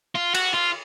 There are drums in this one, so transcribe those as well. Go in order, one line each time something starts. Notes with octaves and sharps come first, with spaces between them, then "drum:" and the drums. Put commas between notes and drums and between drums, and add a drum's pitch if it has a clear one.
F4
F#4, drum: cymbal
F4